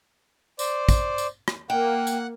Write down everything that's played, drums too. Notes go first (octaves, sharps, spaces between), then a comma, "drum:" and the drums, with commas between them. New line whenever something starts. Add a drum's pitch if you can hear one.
C5 D5, drum: tambourine
drum: kick, tambourine
drum: tambourine
drum: rim click
A#3 F#5 G5
drum: tambourine